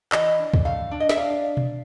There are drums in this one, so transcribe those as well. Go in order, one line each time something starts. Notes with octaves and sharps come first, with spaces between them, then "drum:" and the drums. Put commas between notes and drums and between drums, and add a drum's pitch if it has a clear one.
E3 D#5, drum: clap
D4
drum: kick
A3 F5
D4
D#5
E5, drum: snare
D4 F5
drum: tom B2